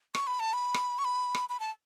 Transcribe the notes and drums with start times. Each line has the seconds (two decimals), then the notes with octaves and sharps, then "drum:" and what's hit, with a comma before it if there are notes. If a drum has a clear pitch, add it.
0.15 C#6, drum: rim click
0.27 B5
0.40 A5
0.53 B5
0.74 drum: rim click
0.99 C#6
1.05 B5
1.35 drum: rim click
1.49 B5
1.60 A5